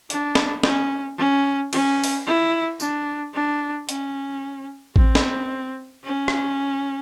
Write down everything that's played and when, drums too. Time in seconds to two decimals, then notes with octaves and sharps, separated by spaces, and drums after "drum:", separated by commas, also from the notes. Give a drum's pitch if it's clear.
0.10 D4, drum: hi-hat
0.35 drum: snare
0.63 C#4, drum: snare
1.18 C#4
1.73 C#4, drum: cymbal
2.04 drum: open hi-hat
2.26 E4
2.80 D4, drum: tambourine
3.34 D4
3.89 C#4, drum: hi-hat
4.96 C4, drum: kick A1
5.15 drum: snare
6.04 C#4
6.28 drum: rim click